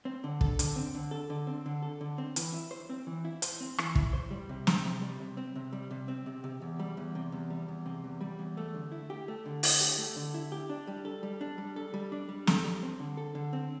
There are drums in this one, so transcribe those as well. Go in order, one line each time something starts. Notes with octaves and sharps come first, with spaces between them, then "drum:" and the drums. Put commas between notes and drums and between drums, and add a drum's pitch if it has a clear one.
C4
D3
A4, drum: kick
D3, drum: hi-hat
C4
D3
A4
D3
C4
D3
A4
D3
C4
E3, drum: hi-hat
E4
C5
C4
E3
E4
C5, drum: hi-hat
C4
E3, drum: rim click
E4, drum: kick
C5
G3
C3
C4, drum: snare
C3
G3
C3
C4
C3
G3
C3
C4
C3
C3
E2
G3
E2
C3
E2
G3
E2
C3
E2
G3
E2
A3
D3
E4
G4
A3
D3
E4, drum: open hi-hat
G4
A3
D3
E4
G4
D4
G3
A4
G3
D4
G3
A4
G3
D4
G3
A4, drum: snare
G3
C4
D3
A4
D3
C4